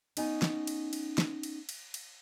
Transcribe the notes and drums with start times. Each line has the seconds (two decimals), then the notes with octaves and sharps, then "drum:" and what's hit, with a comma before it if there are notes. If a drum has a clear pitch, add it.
0.17 B3 C#4 D#4 D#5 G#5, drum: cymbal
0.42 drum: snare
0.67 drum: cymbal
0.93 drum: cymbal
1.18 drum: snare
1.43 drum: cymbal
1.69 drum: cymbal
1.94 drum: cymbal